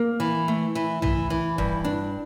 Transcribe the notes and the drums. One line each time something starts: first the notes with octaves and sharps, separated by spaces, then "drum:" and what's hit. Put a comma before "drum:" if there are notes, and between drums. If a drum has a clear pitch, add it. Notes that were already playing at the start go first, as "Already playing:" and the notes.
Already playing: A#3
E3
A3
E3
E3, drum: tom
E3
G2, drum: kick
D4